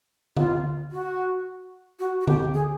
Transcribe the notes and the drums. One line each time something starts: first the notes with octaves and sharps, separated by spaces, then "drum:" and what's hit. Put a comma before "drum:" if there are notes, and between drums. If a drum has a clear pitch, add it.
F4, drum: tom D3
F#4
F#4
F#4
G4, drum: tom D3
G#4